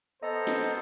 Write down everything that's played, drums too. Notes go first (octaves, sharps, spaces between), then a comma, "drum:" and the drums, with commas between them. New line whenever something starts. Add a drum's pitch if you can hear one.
B3 A4 C5 D#5 A#5
drum: snare